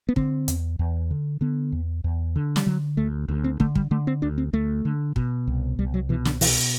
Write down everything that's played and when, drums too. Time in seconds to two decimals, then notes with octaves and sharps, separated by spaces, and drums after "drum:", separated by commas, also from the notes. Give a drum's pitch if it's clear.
0.09 B3
0.16 D3 C4, drum: kick
0.48 E2, drum: hi-hat
0.79 E2
1.11 D3
1.41 D3 B3
1.72 E2
2.04 E2
2.36 D3
2.56 G3, drum: snare
2.66 D3 F#3
2.97 D2 A3
3.29 D2
3.44 C4
3.60 D3 A3, drum: kick
3.75 G3, drum: kick
3.91 D3 A3
4.07 C4
4.22 D2 D4
4.38 C4
4.53 D2 A3
4.85 D3
5.16 B2, drum: kick
5.47 C2
5.79 C2 G3
5.94 F#3
6.09 B2 E3
6.25 D3, drum: snare
6.41 B2 E3, drum: open hi-hat